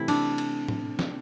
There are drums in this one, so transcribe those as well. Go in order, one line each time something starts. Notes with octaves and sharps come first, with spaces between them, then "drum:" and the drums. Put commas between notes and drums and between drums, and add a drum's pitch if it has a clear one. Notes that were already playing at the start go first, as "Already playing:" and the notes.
Already playing: C3 E3 A3 C4 E4
D4, drum: cymbal
drum: cymbal
drum: tom
drum: snare